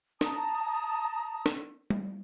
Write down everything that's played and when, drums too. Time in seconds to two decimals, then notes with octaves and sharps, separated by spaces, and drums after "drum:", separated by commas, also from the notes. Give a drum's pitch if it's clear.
0.21 A5 A#5 D#6, drum: snare
1.46 drum: snare
1.90 drum: tom G3